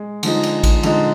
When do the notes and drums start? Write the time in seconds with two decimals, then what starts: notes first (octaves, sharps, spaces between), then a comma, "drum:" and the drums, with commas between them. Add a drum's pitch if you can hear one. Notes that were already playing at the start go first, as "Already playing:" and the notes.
Already playing: G#3
0.23 D3 F3 G#3 D#4, drum: cymbal
0.43 drum: cymbal
0.63 drum: kick A1, cymbal
0.83 D3 F3 G#3 D#4, drum: cymbal